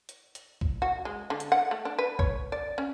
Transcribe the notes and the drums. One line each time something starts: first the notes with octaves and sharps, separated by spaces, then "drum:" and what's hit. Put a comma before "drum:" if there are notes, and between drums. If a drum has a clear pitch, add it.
drum: hi-hat
drum: hi-hat
drum: kick
F#4
G#3
D3
drum: hi-hat
F#5
A3
D4
B4
C#5, drum: kick
D5
C#4